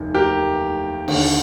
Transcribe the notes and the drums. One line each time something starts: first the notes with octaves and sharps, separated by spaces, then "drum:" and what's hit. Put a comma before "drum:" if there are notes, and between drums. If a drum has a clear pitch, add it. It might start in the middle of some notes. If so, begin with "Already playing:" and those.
Already playing: F1 D#2 D#3
G4 A#4
D#2 D3, drum: cymbal